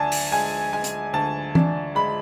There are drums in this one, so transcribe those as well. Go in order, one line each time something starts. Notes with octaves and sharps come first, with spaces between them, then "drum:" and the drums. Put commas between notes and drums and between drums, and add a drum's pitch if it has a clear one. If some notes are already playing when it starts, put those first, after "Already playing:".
Already playing: D2 D4 G#5 A5
drum: open hi-hat
G#3 G#5
G#3 G#5
drum: hi-hat
D2 A5
D4, drum: tom E3
G#3 B5